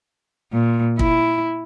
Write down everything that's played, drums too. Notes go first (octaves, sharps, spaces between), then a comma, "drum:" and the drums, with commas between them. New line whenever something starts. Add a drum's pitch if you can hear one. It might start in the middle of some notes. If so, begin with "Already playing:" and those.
A#2
E4, drum: kick